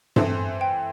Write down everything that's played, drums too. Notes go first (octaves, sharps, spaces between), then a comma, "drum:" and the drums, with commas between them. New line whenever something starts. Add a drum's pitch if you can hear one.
E3 C4 A4 C5, drum: tom G2
G5